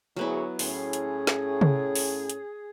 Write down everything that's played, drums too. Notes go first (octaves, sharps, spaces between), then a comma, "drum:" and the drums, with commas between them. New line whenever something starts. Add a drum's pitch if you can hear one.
D2 F#3 B3 E4 G#4 C#5
A2 C#4 G#4 C6, drum: open hi-hat
drum: hi-hat
drum: snare
drum: tom
drum: open hi-hat
drum: hi-hat